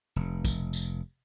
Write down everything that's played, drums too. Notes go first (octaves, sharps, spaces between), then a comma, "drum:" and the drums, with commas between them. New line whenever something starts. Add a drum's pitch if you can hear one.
F1
drum: kick, tambourine
drum: tambourine